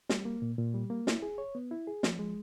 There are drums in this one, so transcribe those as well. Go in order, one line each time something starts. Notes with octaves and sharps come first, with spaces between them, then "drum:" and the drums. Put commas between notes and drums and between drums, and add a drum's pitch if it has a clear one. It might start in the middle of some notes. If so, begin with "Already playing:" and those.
G3, drum: snare
A#3
A#2
A#2
G3
A#3
E4, drum: snare
G#4
C#5
B3
E4
G#4
F3, drum: snare
G#3